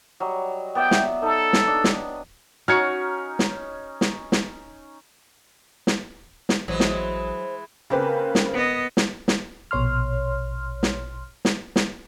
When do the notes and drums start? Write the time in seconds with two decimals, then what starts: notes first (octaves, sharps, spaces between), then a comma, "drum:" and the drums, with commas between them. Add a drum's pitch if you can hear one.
0.20 F#3 G3 D#5
0.75 B3 D5 E5 G5
0.91 drum: snare
1.22 D#4 A4
1.53 drum: snare
1.67 D4 D#5
1.84 drum: snare
2.68 C#4 D#4 F#4 F6 G#6 C#7
3.39 drum: snare
4.01 drum: snare
4.32 drum: snare
5.87 drum: snare
6.49 drum: snare
6.68 A1 E3 F#3 G#3 B4 C5
6.80 drum: snare
7.90 C#3 A#3 C4 G4 G#4 B4
8.35 drum: snare
8.53 B3 D#5
8.97 drum: snare
9.28 drum: snare
9.71 A#1 B2 C#5 C6 F6
10.83 drum: snare
11.45 drum: snare
11.76 drum: snare